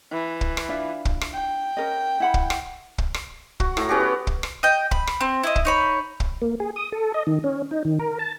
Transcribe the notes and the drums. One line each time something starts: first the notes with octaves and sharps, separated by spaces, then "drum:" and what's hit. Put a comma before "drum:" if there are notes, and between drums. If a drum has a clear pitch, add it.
E3
drum: kick
drum: rim click
D4 F4 E5
drum: kick
drum: rim click
G5
C#4 A#4 D#5
E4 F#5 B5
drum: kick
drum: rim click
drum: kick
drum: rim click
F#4, drum: kick
A2 A#5, drum: rim click
B3 C#4 F#4 G4
B4
drum: kick
drum: rim click
D#5 G5
B5, drum: kick
drum: rim click
C4
E4 A4 D#5
drum: kick
D#4 C#5 B5
drum: kick
A#3
G#4
D#6
A4
D#5
D#3
C#4
D#4
D#3
A#4
A5